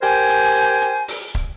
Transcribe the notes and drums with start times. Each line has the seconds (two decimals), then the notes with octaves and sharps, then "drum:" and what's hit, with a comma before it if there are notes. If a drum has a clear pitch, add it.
0.03 G4 A#4 C5 G5 G#5, drum: hi-hat
0.29 drum: hi-hat
0.55 drum: hi-hat
0.82 drum: hi-hat
1.08 drum: open hi-hat
1.35 drum: kick